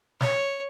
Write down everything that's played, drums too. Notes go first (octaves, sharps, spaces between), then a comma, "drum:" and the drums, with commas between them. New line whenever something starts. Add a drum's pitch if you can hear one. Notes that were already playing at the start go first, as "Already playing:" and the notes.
C#5, drum: snare